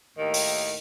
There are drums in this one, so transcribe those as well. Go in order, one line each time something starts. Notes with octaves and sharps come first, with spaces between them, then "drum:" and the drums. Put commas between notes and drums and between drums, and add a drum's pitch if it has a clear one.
D#2 A2 D#3
drum: open hi-hat